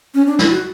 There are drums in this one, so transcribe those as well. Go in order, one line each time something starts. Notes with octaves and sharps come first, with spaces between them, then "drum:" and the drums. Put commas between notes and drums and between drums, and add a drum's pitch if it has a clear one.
C#4
D4
E4, drum: snare
F#4